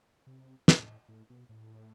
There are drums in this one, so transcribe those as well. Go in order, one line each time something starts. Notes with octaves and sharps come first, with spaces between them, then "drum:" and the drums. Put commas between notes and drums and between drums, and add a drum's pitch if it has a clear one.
C3
A2, drum: snare
A2
B2
A2